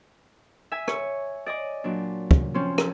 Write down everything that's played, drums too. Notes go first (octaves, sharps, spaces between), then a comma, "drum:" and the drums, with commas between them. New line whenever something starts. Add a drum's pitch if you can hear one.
E5 G#5
C#5, drum: rim click
D5 D#5 G#5 D6
A#2 F#3 D4
drum: kick
F3 C4 C#4
drum: rim click